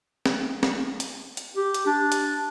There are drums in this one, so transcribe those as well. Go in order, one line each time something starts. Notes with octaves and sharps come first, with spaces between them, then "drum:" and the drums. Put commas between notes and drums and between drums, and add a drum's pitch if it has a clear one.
drum: snare
drum: snare
drum: hi-hat
drum: hi-hat
G4
drum: hi-hat
D4
drum: hi-hat